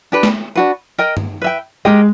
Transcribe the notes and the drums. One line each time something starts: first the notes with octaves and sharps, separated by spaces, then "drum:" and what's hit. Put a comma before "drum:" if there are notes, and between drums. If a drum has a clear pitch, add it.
D4 G4 B4
drum: snare
D4 F#4 B4
A#4 D#5 G5
drum: tom G2
B4 E5 G5
G#3 G4 A#4 D#5 G5